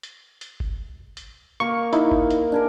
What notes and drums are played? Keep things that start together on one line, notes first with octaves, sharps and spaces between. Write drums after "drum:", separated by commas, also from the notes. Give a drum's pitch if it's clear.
drum: hi-hat
drum: hi-hat
drum: kick F#1
drum: hi-hat
A#3 A#4 C#6
D#4 E4, drum: hi-hat
drum: kick F#1
drum: hi-hat
D4 G#4 A#4